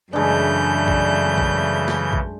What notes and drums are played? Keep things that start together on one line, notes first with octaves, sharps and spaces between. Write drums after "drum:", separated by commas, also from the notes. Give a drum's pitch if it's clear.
F#2 C#3 E3 G#3 A3 D4 G6
drum: kick A#1
drum: kick A#1
drum: snare
drum: kick A#1